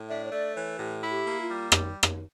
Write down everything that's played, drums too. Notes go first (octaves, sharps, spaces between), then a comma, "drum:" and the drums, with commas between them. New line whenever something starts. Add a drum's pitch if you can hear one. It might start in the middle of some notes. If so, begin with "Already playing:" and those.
Already playing: A2
D4 E5
C#5
A3 D5
E3 C#5
A2 G4
E4
G4
A#3
F4
G3
drum: rim click
drum: rim click